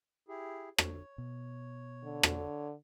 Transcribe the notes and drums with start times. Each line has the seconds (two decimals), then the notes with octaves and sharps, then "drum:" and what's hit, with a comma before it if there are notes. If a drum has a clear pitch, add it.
0.28 E4 G4 G#4
0.78 C#5, drum: rim click
1.18 B2
2.04 D3
2.23 drum: rim click